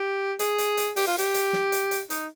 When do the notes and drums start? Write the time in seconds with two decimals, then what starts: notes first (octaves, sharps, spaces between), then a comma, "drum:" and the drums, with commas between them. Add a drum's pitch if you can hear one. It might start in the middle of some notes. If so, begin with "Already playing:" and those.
Already playing: G4
0.39 G#4, drum: hi-hat
0.58 drum: hi-hat
0.77 drum: hi-hat
0.96 G4, drum: open hi-hat
1.07 F4
1.18 G4, drum: hi-hat
1.34 drum: hi-hat
1.53 drum: snare
1.72 drum: hi-hat
1.91 drum: hi-hat
2.10 D#4, drum: hi-hat